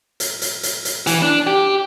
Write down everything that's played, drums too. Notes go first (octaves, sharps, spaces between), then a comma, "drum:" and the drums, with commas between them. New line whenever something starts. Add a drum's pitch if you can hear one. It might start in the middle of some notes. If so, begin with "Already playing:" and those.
drum: hi-hat
drum: hi-hat
drum: hi-hat
drum: hi-hat
E3, drum: hi-hat
D4
G4